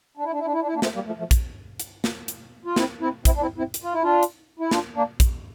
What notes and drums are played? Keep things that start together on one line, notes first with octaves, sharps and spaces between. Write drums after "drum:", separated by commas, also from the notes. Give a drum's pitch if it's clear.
D4
E4
D4
E4
D4
E4
D4
E4
A#3 D4
A3 C4, drum: snare
G3 A#3
F3 A3
F3 A3
drum: kick, hi-hat
drum: hi-hat
drum: snare
drum: hi-hat
F4
C4 E4, drum: snare
C4 E4
C4 E4, drum: kick, hi-hat
D4
C4 E4
C4 E4
drum: hi-hat
F4
E4
D4 F4
drum: hi-hat
E4
D4 F4, drum: snare
A#3 D4
drum: kick, hi-hat